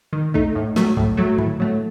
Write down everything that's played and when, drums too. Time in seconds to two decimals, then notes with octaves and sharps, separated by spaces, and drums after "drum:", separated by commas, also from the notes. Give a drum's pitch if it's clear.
0.13 D#3
0.34 A3 D#4, drum: kick
0.55 A2
0.76 F#3 A3, drum: snare
0.97 A2, drum: kick
1.17 F#3 A3
1.38 A2, drum: tom D3
1.60 F#3 A3